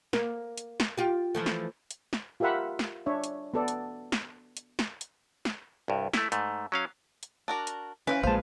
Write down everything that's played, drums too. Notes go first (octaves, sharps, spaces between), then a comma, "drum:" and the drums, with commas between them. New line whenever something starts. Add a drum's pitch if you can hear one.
A#3, drum: snare
drum: hi-hat
drum: snare
F4 G4
E3 F3 A3
drum: snare
drum: hi-hat
drum: snare
F4 G4 A#4 E5 F#5 B5
drum: snare
D4 C#5 E5
drum: hi-hat
B3 A4 D5
drum: hi-hat
drum: snare
drum: hi-hat
drum: snare
drum: hi-hat
drum: snare
C2 G2
A3 E4, drum: snare
G#2 A3, drum: hi-hat
F#3 C#4 F5
drum: hi-hat
D4 F#4 A#4
drum: hi-hat
E3 C#4 B4 C5 F5
A#1 A#2 G#3 C5 F5 A5